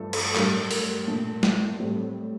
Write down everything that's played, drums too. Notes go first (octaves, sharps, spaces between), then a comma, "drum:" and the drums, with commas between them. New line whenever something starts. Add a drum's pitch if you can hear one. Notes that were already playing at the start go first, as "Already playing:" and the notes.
Already playing: G2 F3 A3 A4
drum: cymbal
A2 G3 D4 A#4, drum: clap
A#4, drum: open hi-hat
A#2 A3 D4
D5, drum: snare
A2 G3 C4